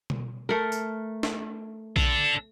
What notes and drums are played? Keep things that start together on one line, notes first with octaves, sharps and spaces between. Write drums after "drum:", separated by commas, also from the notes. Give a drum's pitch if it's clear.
drum: tom B2
A3 A#4
drum: tambourine
drum: snare
D4 A4, drum: kick A#1